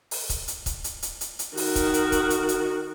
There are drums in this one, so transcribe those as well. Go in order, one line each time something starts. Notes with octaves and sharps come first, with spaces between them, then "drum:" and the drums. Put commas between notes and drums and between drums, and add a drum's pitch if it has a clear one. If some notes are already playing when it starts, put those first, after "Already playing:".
drum: open hi-hat
drum: kick C#1, hi-hat
drum: hi-hat
drum: kick C#1, hi-hat
drum: hi-hat
drum: hi-hat
drum: hi-hat
drum: hi-hat
D#3 F#4, drum: open hi-hat
drum: kick C#1, hi-hat
drum: hi-hat
drum: kick C#1, hi-hat
drum: hi-hat
drum: hi-hat